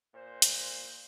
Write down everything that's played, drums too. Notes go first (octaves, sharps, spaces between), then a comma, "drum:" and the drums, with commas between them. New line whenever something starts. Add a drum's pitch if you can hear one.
A#2 C5
drum: hi-hat